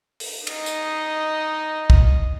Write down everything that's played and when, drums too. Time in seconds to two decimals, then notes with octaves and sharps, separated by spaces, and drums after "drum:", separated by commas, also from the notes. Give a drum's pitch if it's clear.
0.20 drum: open hi-hat
0.47 D#4 D#5, drum: cymbal
0.66 drum: tambourine
1.90 drum: kick